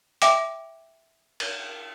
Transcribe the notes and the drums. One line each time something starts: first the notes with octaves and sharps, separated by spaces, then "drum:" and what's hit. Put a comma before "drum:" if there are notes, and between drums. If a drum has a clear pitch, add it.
E5 G5 D6, drum: hi-hat
drum: cymbal